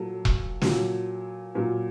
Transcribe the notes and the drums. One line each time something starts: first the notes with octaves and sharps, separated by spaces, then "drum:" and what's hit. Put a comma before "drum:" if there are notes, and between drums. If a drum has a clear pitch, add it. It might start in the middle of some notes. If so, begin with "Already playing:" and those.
Already playing: A#2 F#3 A4
drum: kick E1
A#2 F#3, drum: snare
A#2 F#3